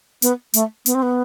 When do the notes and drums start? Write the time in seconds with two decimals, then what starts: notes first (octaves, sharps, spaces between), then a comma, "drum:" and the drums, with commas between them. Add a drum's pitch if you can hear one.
0.22 B3, drum: hi-hat
0.54 A3, drum: hi-hat
0.86 B3, drum: hi-hat
0.95 C4
1.02 B3